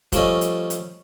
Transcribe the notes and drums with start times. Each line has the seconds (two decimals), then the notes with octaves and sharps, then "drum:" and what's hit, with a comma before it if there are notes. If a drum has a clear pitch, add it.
0.12 F3 G3 A3 C#4 D#5, drum: kick, hi-hat
0.41 drum: hi-hat
0.70 drum: hi-hat